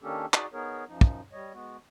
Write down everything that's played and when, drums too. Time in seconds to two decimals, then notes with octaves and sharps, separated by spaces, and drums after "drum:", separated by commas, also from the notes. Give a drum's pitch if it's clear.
0.02 D#3 A#3 C#4 D4 G4 A4
0.34 D#4 F#4 G#4 D5, drum: clap
0.53 B3 D#4 G#4 A#4 C#5
0.88 F#2 F3 D#4
1.01 drum: kick
1.32 G3 C#5 D#5
1.53 G#3 B3 F#4